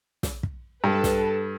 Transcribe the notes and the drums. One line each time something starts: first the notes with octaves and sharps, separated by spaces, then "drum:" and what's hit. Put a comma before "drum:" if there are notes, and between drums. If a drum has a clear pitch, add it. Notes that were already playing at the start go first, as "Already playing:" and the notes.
drum: snare
drum: kick
G2 A4 B4
drum: snare